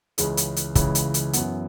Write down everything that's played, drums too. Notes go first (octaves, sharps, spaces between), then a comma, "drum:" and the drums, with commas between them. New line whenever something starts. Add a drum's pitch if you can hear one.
C#2 C#3 E3 G#3, drum: hi-hat
drum: hi-hat
drum: hi-hat
C#2 C#3 E3 G#3, drum: kick, hi-hat
drum: hi-hat
drum: hi-hat
F#2 E3 B3, drum: hi-hat